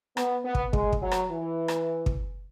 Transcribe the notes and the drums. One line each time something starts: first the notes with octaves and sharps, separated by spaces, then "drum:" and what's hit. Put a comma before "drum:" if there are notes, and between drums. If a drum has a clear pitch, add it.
B3, drum: rim click
B3
drum: kick
G#3, drum: kick
drum: kick
F#3
drum: rim click
E3
drum: rim click
drum: kick